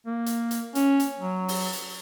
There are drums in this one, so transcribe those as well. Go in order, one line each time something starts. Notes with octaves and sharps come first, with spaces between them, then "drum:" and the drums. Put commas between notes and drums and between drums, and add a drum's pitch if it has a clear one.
A#3
drum: hi-hat
drum: hi-hat
C#4, drum: hi-hat
drum: hi-hat
F#3
drum: open hi-hat
drum: hi-hat